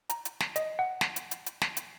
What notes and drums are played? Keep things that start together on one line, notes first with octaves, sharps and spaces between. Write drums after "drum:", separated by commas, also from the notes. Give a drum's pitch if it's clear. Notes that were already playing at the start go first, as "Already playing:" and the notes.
A#5, drum: hi-hat
drum: hi-hat
drum: snare
D#5, drum: hi-hat
F#5
drum: snare
drum: hi-hat
drum: hi-hat
drum: hi-hat
drum: snare
drum: hi-hat